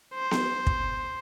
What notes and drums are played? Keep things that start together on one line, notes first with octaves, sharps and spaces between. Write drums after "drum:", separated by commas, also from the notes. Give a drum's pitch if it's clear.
C5
drum: snare B3
drum: kick